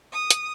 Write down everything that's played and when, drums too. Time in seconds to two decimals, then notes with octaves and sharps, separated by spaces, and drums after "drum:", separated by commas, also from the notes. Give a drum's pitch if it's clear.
0.13 D#6
0.31 drum: hi-hat